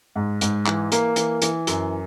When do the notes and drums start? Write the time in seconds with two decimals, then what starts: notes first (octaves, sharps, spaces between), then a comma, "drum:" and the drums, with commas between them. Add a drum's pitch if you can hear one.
0.16 G#2
0.41 G#2, drum: hi-hat
0.66 E3, drum: clap
0.92 A#3, drum: hi-hat
1.16 E3, drum: hi-hat
1.42 E3, drum: hi-hat
1.67 F#2, drum: hi-hat